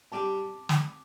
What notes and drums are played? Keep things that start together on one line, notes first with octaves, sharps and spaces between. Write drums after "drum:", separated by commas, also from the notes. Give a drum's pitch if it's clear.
G3 D4 G4 A5 D6
drum: snare